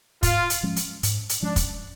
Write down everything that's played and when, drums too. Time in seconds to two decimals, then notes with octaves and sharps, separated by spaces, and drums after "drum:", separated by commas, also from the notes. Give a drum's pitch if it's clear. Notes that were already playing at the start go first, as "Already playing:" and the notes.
0.23 G#2 F4, drum: kick, hi-hat
0.50 drum: hi-hat
0.63 F3 G#3 C#4
0.76 drum: hi-hat
1.03 G#2, drum: hi-hat
1.29 drum: hi-hat
1.42 F3 G#3 C#4 D4
1.56 drum: kick, hi-hat